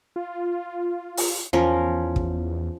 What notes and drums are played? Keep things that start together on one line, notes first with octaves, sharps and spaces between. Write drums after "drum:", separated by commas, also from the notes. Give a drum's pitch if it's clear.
F4
drum: open hi-hat
E2 F3 C#4 A#4
drum: kick